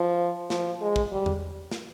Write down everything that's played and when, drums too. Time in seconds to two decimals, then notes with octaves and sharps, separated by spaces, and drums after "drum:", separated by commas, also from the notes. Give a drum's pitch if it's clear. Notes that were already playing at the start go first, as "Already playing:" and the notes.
Already playing: F3
0.50 F3, drum: snare
0.81 G#3
0.96 drum: kick
1.11 G3
1.26 drum: tom E2
1.71 drum: snare